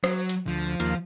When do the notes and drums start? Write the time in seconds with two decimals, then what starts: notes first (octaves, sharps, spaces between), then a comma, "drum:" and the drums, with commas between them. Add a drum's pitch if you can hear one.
0.04 F#3, drum: rim click
0.29 drum: hi-hat
0.47 D2 F3
0.80 D#2 A#3 F4, drum: hi-hat